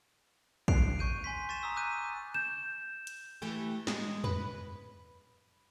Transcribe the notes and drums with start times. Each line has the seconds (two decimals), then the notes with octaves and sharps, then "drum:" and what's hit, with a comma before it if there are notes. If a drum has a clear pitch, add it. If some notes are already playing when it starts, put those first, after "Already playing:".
0.68 F#6 C7 D7 F7, drum: kick
0.99 C#6 G6 D#7
1.24 G#5 C6 B6
1.49 C#6 A6 B6 E7
1.63 A#5 D#6 E6
1.76 D6 F#6 G6 D#7
2.34 G6 E7
3.07 drum: hi-hat
3.42 E3 A3 G4
3.87 G#3, drum: snare
4.24 B4, drum: tom E2